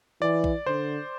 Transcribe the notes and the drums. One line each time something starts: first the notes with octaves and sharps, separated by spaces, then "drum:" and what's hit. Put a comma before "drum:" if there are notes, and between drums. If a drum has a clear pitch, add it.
E3 D5
drum: kick A#1
D3 C5